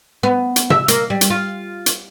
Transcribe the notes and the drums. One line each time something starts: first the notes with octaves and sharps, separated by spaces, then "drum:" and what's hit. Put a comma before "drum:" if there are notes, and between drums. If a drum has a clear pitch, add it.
B3
drum: hi-hat
E5, drum: tom
A#3, drum: hi-hat
G3
drum: hi-hat
F4
drum: hi-hat